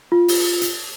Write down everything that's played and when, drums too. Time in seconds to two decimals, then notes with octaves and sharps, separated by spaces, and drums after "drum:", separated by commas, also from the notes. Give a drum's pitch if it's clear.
0.12 F4
0.28 drum: open hi-hat
0.62 drum: hi-hat